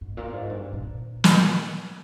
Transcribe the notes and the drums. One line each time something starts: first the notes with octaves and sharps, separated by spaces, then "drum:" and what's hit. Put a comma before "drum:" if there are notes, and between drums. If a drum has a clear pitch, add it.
G#2
A#2
G#2
G2
A#2
drum: snare